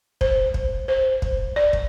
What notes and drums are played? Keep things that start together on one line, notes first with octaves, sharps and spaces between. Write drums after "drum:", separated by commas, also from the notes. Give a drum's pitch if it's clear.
C5, drum: kick
drum: kick
C5
drum: kick
D5
drum: kick